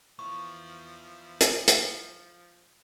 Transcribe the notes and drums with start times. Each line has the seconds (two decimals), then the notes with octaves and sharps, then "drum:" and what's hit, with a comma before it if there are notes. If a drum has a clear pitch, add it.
0.19 F3 B3 E4 C#6
1.41 drum: hi-hat
1.68 drum: hi-hat